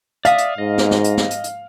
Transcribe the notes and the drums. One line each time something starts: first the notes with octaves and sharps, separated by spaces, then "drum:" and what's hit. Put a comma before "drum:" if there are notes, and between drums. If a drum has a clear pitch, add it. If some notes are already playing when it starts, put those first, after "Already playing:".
D5 E5 F5 D#6, drum: hi-hat
drum: hi-hat
G#2 D#5
drum: snare
drum: snare
drum: hi-hat
drum: snare
drum: hi-hat
drum: hi-hat